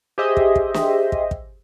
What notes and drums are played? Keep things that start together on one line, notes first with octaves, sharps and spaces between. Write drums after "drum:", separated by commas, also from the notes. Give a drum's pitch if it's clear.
G4 G#4 C5 D#5 E5
drum: kick
drum: kick
drum: snare
drum: kick
drum: kick